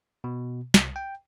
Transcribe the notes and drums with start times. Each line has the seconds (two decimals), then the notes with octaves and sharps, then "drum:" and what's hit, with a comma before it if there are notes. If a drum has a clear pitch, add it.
0.24 B2
0.74 C2, drum: snare
0.96 G5